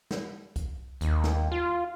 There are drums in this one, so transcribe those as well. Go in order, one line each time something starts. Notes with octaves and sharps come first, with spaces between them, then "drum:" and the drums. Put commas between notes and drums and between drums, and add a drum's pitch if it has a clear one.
drum: snare
drum: kick C2, hi-hat
D#2, drum: hi-hat
drum: snare
F4